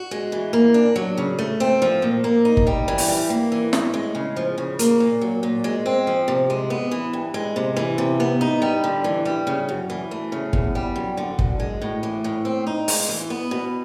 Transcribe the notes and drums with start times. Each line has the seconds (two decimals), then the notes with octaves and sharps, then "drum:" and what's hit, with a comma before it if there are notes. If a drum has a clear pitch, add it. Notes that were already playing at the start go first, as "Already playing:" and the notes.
Already playing: F#4
0.11 G#3
0.32 E3
0.53 A#3
0.74 D4
0.96 F#3
1.18 C#3
1.39 A3
1.60 C4
1.82 F3
2.02 A#2
2.24 A#3
2.45 D#4
2.57 drum: kick
2.67 G3
2.88 E3
2.98 drum: open hi-hat
3.08 G3
3.30 A#3
3.52 E3
3.73 A2, drum: snare
3.94 G#3
4.15 C#3
4.36 F3
4.58 C#3
4.79 A#3, drum: hi-hat
5.00 A#2
5.21 F#3
5.43 A#2
5.64 G#3
5.86 C4
6.07 F3
6.28 C3
6.50 G#3
6.70 B3
6.91 E3
7.13 G2
7.34 G#3
7.56 C3
7.77 E3
7.98 C3
8.20 B3
8.41 D#4
8.62 G3
8.84 D3
9.04 E3
9.25 G3
9.47 C#3
9.69 F#2
9.90 E3
10.11 A3
10.32 C#3
10.53 E2, drum: kick
10.75 G3
10.96 F#2
11.17 D3
11.39 F#2, drum: kick
11.60 G#3
11.82 A2
12.03 E3
12.24 A2
12.45 C4
12.67 D#4
12.88 G#3, drum: open hi-hat
13.09 E3
13.30 B3
13.51 B2